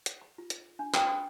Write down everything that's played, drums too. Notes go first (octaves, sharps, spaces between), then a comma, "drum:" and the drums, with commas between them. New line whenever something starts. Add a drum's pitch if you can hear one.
drum: hi-hat
B5
F4
drum: hi-hat
D4
G5, drum: clap